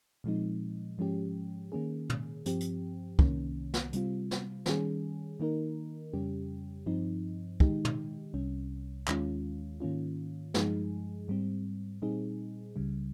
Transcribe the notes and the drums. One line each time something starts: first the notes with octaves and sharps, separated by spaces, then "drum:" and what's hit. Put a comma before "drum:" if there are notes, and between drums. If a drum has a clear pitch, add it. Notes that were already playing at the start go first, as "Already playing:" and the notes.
A#2 F3 G#3 C4 D#4
G#2 F3 G#3 C#4 G4
D#3 A#3 C#4 G#4
drum: tom
G2 F3 C4 G4, drum: hi-hat
drum: hi-hat
C2 C3 D#3 A#3 C#4, drum: kick
drum: snare
C3 G3 C4 F4, drum: hi-hat
drum: snare
D#3 G3 C#4 G#4, drum: snare
D#3 A#3 D#4 A#4
F2 C#3 G3 C#4 G4
G2 F3 C4 D#4
D#3 G#3 D#4 G4, drum: kick
drum: tom
C2 C3 G3 C#4
D#2 D#3 G#3 C#4 F4, drum: clap
G#2 D#3 A#3 C#4 F4
G2 F3 G#3 D#4 G#4, drum: snare
G#2 G3 C4
A#2 G3 C4 D#4 G#4
C#2 C#3 G3